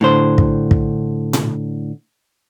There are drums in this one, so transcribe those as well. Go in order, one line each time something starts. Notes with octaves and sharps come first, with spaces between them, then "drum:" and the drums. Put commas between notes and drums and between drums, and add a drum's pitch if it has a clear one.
A2 D3 C5
drum: kick
drum: kick
drum: tom A#2